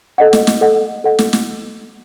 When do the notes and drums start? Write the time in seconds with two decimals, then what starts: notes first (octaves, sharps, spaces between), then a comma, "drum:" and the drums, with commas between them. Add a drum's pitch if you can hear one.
0.18 A4 D#5 F#5
0.33 drum: snare
0.47 drum: snare
0.61 A4 D#5 F#5
1.04 A4 D#5 F#5
1.19 drum: snare
1.33 drum: snare